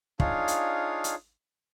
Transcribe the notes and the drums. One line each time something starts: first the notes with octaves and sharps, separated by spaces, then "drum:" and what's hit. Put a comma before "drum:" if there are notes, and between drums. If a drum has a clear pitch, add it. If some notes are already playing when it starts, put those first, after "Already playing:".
D4 D#4 F4 G#4 C#5 F5, drum: kick
drum: hi-hat
drum: hi-hat